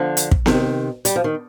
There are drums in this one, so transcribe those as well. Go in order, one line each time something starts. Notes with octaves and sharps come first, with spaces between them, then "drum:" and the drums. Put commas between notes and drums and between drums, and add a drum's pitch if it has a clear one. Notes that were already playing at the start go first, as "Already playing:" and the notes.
Already playing: D3 F3
drum: hi-hat
drum: kick
C3 D#3, drum: snare B3
G3, drum: hi-hat
F3
D#3